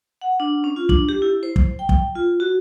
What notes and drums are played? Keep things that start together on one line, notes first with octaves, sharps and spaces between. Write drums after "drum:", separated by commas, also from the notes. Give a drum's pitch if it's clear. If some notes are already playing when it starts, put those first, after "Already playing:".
F#5
D4
C#4
F4
D4, drum: kick
G4
E4
C5
drum: kick
G5
drum: kick
F4
F#4